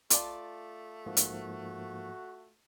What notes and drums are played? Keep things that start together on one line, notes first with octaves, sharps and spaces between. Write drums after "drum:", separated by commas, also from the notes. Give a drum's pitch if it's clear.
A3 F4 D5 A5, drum: hi-hat
G#2 F3 A#3 F#4
drum: hi-hat